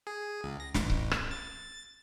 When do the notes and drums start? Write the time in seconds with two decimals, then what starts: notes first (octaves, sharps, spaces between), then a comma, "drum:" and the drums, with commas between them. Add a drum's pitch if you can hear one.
0.07 G#4
0.44 C#2
0.60 A#6
0.74 A1, drum: snare
0.90 drum: kick C#1
1.11 drum: rim click
1.31 A6